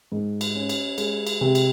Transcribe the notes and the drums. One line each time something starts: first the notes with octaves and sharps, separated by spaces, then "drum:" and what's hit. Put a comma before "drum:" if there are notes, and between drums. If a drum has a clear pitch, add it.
G#2
drum: cymbal
C#4
drum: cymbal
G#3, drum: cymbal
drum: cymbal
C3
drum: cymbal